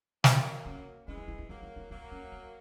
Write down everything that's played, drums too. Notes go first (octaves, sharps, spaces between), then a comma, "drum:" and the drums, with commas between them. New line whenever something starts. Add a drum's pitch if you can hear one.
F#3 A#3, drum: snare
C#4
E3 G#3 C#4
D#4
E4
D#4
F#3 A#3 D#4
E4
D#4
F#3 A#3 B3
C#4
B3